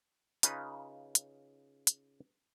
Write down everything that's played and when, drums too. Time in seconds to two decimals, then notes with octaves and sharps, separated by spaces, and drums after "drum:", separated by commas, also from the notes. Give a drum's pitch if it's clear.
0.43 C#3 D#4 F4 B4, drum: hi-hat
1.15 drum: hi-hat
1.87 drum: hi-hat